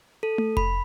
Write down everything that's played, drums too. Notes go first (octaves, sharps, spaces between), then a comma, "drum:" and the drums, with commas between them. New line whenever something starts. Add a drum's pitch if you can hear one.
A4
drum: tom A3
B5, drum: kick F1